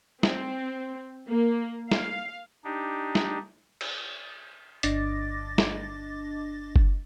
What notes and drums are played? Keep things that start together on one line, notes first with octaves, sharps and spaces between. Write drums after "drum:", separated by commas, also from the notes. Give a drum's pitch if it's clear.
C4, drum: snare
A#3
F5, drum: snare
D4 D#4 G4
drum: snare
drum: cymbal
G1 D4 D#5 D6 A6 A#6, drum: hi-hat
drum: snare
drum: kick F#1